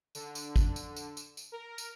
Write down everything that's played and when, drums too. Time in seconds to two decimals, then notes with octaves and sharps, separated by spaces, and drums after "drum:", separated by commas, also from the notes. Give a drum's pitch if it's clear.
0.15 D3, drum: tambourine
0.35 drum: tambourine
0.56 drum: kick, tambourine
0.76 drum: tambourine
0.96 drum: tambourine
1.17 drum: tambourine
1.37 drum: tambourine
1.52 A#4
1.78 drum: tambourine